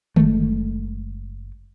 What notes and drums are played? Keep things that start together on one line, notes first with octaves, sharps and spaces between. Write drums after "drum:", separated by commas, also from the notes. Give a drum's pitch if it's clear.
F#1 G#3 A3, drum: tom D3